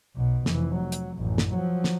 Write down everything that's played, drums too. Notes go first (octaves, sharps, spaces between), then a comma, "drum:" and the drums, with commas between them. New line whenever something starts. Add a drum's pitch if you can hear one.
B1 B2
F1 E3, drum: snare
F#3
drum: hi-hat
A1 F#2
drum: snare
F3 F#3
drum: snare